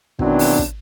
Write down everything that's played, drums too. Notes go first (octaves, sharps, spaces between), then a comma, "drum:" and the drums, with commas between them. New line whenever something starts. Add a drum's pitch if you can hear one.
B2 D#3 E3 F#3 C4 D4, drum: kick
drum: open hi-hat
drum: kick